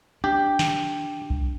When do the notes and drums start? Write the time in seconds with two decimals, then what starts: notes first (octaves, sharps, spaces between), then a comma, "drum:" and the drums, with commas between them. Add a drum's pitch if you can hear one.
0.24 D4 G4
0.59 drum: snare
1.30 drum: kick B1